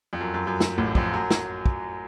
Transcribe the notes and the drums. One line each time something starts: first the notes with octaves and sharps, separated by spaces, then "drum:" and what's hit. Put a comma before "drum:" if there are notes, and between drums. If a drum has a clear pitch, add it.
F2
F#2
F#2
F#2
drum: snare
A1 A2
F2 F3, drum: kick
F#2 F#3
drum: snare
drum: kick